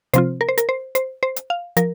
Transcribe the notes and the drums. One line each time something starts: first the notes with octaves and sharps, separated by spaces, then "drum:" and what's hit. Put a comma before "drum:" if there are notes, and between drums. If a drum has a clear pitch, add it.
C3 F3 C4 F4 C5, drum: hi-hat
A#4
C5
A#4, drum: hi-hat
C5
C5, drum: hi-hat
C5
drum: hi-hat
F5
F3 A#4, drum: hi-hat